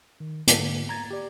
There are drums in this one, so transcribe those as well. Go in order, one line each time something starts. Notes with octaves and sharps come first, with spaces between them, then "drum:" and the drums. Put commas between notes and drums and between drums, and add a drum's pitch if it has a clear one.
D#3
G#2 D3 A#3, drum: hi-hat
A#5 G#6 A6
G4 D5